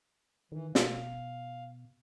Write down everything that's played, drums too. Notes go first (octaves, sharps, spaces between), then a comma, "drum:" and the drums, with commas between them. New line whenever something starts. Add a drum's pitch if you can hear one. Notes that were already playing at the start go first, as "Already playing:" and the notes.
D#3 E3
B2 F5, drum: snare